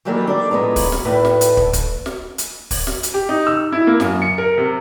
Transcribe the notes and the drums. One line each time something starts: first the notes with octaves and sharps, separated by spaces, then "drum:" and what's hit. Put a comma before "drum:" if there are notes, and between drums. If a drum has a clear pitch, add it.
D#3 E3 F#3 G3 A3 A#3
D4 A4 D5
F2 A2 G#3 B3 A#5
drum: kick, open hi-hat
drum: snare
E2 A2 D#3 B4 E5 A5
drum: snare
drum: hi-hat
drum: kick
drum: kick, hi-hat
drum: snare
drum: hi-hat
drum: kick, open hi-hat
drum: snare
drum: hi-hat
G4
D#4
E6
E4
A#3
F#2, drum: snare
C#7
A#4
C3